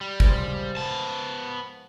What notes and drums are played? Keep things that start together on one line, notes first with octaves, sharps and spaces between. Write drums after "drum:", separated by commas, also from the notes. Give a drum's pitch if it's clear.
G3
D#3 F3 G#3, drum: kick
B3 A5